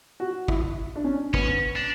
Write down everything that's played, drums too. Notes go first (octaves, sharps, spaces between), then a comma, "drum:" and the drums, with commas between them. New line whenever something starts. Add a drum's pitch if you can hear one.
F#4
E4, drum: kick
D4
C#4
B3 C#4, drum: kick
D4